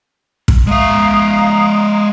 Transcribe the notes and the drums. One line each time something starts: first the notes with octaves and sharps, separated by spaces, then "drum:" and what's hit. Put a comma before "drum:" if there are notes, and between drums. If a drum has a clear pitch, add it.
drum: kick
G#3 E5 F5 A#5 D#6